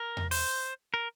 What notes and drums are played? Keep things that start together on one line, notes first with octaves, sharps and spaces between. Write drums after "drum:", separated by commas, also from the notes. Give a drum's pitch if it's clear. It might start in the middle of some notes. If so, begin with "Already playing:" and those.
Already playing: A#4
drum: tom E2
C5, drum: open hi-hat
A#4